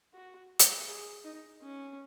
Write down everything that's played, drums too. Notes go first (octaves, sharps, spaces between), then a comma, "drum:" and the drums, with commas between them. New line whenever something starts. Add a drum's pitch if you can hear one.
F#4
drum: hi-hat
G#4
D#4
C#4